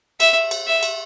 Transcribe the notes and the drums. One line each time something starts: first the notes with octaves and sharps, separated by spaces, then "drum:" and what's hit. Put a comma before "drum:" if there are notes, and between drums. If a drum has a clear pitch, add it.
E5, drum: cymbal
drum: cymbal
E5
drum: cymbal